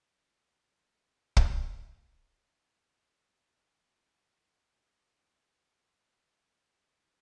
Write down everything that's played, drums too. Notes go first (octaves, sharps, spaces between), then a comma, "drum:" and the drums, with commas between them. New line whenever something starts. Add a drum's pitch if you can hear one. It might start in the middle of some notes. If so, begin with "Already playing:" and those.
C#4
drum: kick
C5
A#3
G#5
G5
G4
C#6
A4
A4
F3 D4